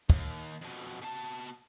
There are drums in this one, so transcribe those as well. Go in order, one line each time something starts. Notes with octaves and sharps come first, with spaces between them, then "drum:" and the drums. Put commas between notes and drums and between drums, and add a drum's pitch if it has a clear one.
D#2, drum: kick
F2 B2
B2 A5